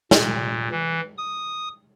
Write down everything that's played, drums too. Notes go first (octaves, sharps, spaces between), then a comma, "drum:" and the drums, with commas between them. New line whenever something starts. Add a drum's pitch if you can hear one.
A#2, drum: snare
E3
D#6